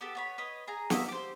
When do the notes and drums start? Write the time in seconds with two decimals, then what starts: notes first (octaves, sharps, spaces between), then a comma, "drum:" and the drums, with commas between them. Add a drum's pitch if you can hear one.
0.01 B3 G4 A4
0.15 B3 C#5 B5
0.38 B4 C#5 D#5
0.68 G#4 G#5 A#5
0.90 A#3 F#4 D#5 E5, drum: snare
1.08 G4 C5